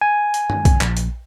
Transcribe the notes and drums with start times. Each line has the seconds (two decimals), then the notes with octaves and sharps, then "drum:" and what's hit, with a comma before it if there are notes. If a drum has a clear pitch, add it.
0.01 G#5
0.34 drum: hi-hat
0.50 drum: tom
0.65 drum: kick B1, hi-hat
0.81 A#1, drum: clap
0.97 drum: hi-hat